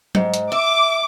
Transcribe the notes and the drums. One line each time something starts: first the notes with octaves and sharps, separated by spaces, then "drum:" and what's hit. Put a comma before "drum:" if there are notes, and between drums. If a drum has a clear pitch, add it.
G#2, drum: tom F#3
drum: hi-hat
E5 D6